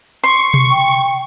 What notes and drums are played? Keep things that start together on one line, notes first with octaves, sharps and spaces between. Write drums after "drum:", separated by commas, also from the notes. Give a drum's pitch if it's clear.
C6 C#6
drum: tom B2
G5